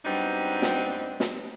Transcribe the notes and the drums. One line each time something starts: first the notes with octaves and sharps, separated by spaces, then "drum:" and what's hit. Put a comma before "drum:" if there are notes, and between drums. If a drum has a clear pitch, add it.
F#2 G3 B3 C4 D4 D#4
drum: snare
drum: snare